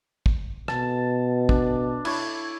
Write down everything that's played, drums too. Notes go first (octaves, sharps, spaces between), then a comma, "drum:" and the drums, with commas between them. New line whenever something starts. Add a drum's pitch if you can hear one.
drum: kick
B2 A5, drum: rim click
D4, drum: kick
E4 C#5, drum: cymbal